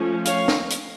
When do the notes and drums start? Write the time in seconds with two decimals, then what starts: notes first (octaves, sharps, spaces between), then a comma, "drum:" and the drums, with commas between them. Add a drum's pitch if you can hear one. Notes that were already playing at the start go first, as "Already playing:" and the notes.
Already playing: F3 A3 C#4
0.25 C#5 F5, drum: hi-hat
0.48 drum: snare
0.70 drum: hi-hat